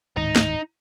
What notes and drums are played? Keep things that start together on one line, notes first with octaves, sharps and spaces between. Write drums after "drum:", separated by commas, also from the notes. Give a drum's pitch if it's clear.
D1 G#2 D#3 D#4
drum: snare